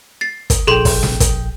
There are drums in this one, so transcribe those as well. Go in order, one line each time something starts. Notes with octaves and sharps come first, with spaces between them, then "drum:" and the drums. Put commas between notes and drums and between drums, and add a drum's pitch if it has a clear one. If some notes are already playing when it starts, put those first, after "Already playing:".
A6 C7
drum: kick, hi-hat
A#1 G#4 A4 G5 C6
drum: kick, open hi-hat
drum: snare
drum: kick, hi-hat